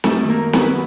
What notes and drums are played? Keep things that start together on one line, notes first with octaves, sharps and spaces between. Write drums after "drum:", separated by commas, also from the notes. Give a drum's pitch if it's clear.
F#2 A3 A4, drum: snare
D#3
A#3 A#4
A#3
B3 B4, drum: snare
F#3